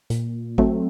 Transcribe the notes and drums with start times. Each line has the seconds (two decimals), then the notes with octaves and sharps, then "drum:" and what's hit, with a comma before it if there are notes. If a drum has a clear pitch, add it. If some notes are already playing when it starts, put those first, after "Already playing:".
0.10 A#2, drum: hi-hat
0.58 F#3 A3 C4, drum: kick G#1